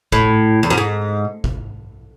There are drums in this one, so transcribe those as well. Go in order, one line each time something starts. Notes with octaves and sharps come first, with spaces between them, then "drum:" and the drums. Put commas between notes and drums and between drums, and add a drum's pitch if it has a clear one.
A2, drum: kick G1
E2
F#2
G#2
drum: kick G1